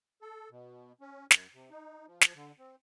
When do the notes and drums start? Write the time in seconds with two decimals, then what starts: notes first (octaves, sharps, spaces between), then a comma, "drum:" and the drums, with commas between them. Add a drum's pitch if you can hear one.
0.22 A4
0.51 B2
1.01 C#4
1.31 F#2, drum: snare
1.53 C3
1.71 D#4
2.07 F3
2.21 drum: snare
2.35 D3
2.58 C4